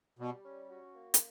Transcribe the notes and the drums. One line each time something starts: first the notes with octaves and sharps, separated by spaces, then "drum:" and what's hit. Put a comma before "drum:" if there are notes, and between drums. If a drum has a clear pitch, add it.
B2 G3
C#4
F#4
A#3
drum: hi-hat